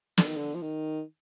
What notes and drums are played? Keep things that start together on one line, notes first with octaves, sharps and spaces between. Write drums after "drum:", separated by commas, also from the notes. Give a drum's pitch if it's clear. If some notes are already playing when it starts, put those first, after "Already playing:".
D3, drum: snare
D#3
D3
F3
D#3